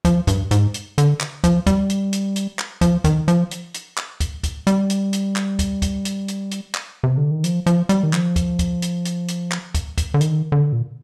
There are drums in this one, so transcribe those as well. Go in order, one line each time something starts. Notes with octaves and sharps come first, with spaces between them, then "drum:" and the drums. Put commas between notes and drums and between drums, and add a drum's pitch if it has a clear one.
F3, drum: kick, hi-hat
G2, drum: kick, hi-hat
G#2, drum: hi-hat
drum: hi-hat
D3, drum: hi-hat
drum: clap
F3, drum: kick, hi-hat
G3, drum: kick, hi-hat
drum: hi-hat
drum: hi-hat
drum: hi-hat
drum: clap
F3, drum: kick, hi-hat
D#3, drum: kick, hi-hat
F3, drum: hi-hat
drum: hi-hat
drum: hi-hat
drum: clap
drum: kick, hi-hat
drum: kick, hi-hat
G3, drum: hi-hat
drum: hi-hat
drum: hi-hat
drum: clap
drum: kick, hi-hat
drum: kick, hi-hat
drum: hi-hat
drum: hi-hat
drum: hi-hat
drum: clap
C3
D3
D#3
F3, drum: hi-hat
F3, drum: hi-hat
G3, drum: hi-hat
D#3
F3, drum: clap
drum: kick, hi-hat
drum: kick, hi-hat
drum: hi-hat
drum: hi-hat
drum: hi-hat
drum: clap
drum: kick, hi-hat
drum: kick, hi-hat
D3
D#3, drum: hi-hat
D3
A#2